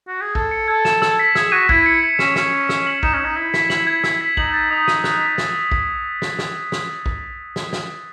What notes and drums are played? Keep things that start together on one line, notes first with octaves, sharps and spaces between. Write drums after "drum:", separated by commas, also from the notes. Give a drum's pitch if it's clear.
F#4
G#4
A4 G#6, drum: kick
C#7
A4 G#6
E7, drum: snare
E6, drum: snare
B6
G#4 E6, drum: snare
F#4 D#7
E4 G#6, drum: kick
C#7
G#6
C#4 E7, drum: snare
C#4 E6, drum: snare
B6
E6, drum: snare
F#7
D#4 E7, drum: kick
C#4
D#4 G#6
E4 E6
B6, drum: snare
F#7, drum: snare
G#6
E6, drum: snare
B6
D#4 F#7, drum: kick
A6
D#4 D#6
D#7, drum: snare
F#6, drum: snare
B6
drum: snare
drum: kick
drum: snare
drum: snare
drum: snare
drum: kick
drum: snare
drum: snare